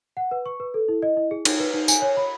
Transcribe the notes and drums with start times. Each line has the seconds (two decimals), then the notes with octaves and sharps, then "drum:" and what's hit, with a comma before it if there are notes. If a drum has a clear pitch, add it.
0.17 F#5
0.31 B4
0.46 C#6
0.60 B4
0.74 A4
0.88 E4
1.02 D#5
1.17 E4
1.31 G#4
1.45 D#4, drum: cymbal
1.60 B4
1.74 D#4
1.88 G#5, drum: tambourine
2.02 C#5
2.17 B5